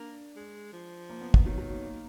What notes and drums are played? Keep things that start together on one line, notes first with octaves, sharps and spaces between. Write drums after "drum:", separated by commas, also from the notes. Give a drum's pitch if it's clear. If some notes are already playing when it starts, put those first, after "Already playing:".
Already playing: A#3 D4
G#3
F3
A#3
B3
B3, drum: kick
D#3 F#3
F#3
A#3
A#3